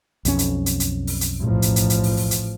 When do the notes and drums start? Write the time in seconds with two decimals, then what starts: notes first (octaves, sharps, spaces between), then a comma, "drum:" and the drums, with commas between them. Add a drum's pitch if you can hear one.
0.25 B1 F2 C#4, drum: hi-hat
0.39 drum: hi-hat
0.66 drum: hi-hat
0.80 drum: hi-hat
1.07 drum: open hi-hat
1.21 drum: hi-hat
1.40 A1 F3
1.62 drum: hi-hat
1.76 drum: hi-hat
1.90 drum: hi-hat
2.03 drum: open hi-hat
2.17 drum: open hi-hat
2.31 drum: hi-hat